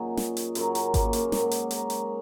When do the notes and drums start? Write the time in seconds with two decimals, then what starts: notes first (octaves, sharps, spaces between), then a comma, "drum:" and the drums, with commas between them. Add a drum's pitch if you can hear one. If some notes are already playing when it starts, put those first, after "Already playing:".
Already playing: F#2 A#2 D#3 F#3 D#4 F#4 G#4
0.17 drum: snare
0.37 drum: hi-hat
0.55 F#2 C#3 F#3 A#4, drum: hi-hat
0.75 A#4, drum: hi-hat
0.94 A#3, drum: kick G#1, hi-hat
1.13 A#3, drum: hi-hat
1.32 G#2 F#3 A#3, drum: snare
1.51 drum: hi-hat
1.71 A#4, drum: hi-hat
1.90 drum: hi-hat